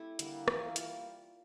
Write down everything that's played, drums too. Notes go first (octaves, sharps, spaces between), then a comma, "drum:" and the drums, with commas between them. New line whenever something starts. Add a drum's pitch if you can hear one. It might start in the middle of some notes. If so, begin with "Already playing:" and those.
Already playing: A3 C4 E4 G4
D3 G3 A#3, drum: hi-hat
E3 A#3 F4 A4, drum: rim click
G3 A#3 F4, drum: hi-hat